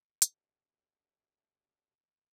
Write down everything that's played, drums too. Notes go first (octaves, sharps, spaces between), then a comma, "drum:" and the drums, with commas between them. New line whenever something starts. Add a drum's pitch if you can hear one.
D4 F#4 G4 A4 C#5 E5, drum: hi-hat